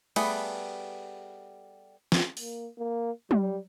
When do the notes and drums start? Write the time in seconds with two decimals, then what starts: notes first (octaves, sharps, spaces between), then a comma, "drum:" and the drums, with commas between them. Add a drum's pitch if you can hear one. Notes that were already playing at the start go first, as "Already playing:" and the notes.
0.16 G3 A3 B3 G#4 B4, drum: cymbal
2.12 drum: snare
2.37 A#3, drum: open hi-hat
2.78 A#3
3.31 G3, drum: tom